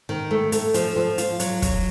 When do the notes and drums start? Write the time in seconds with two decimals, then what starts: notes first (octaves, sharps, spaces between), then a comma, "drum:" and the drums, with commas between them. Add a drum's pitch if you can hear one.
0.09 D#3
0.31 A3
0.52 A3, drum: hi-hat
0.74 F3, drum: hi-hat
0.96 F3
1.18 F4, drum: hi-hat
1.40 F#3, drum: hi-hat
1.62 F#3, drum: kick, hi-hat